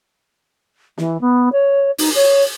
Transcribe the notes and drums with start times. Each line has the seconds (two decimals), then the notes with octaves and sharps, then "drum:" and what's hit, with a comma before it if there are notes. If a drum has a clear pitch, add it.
0.98 E3, drum: snare
1.21 B3
1.52 C#5
1.98 D#4, drum: open hi-hat
2.15 C#5